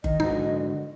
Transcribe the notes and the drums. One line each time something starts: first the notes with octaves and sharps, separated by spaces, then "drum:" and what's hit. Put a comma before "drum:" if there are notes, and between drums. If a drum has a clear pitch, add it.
D#3 D#5, drum: kick G1
G#2 D3 D#4 F#4